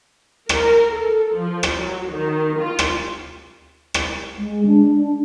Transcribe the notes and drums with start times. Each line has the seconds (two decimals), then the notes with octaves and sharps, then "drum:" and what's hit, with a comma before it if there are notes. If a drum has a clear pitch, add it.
0.49 A#4, drum: rim click
0.95 A4
1.36 F3
1.63 drum: rim click
1.76 F#3
2.11 D#3
2.59 F4
2.79 drum: rim click
3.94 drum: rim click
4.38 G#3
4.66 D4